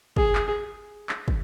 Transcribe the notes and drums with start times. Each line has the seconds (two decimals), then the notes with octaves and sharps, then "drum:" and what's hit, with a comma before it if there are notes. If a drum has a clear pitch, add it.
0.17 G#4, drum: kick
0.35 drum: clap
1.09 drum: clap
1.28 drum: kick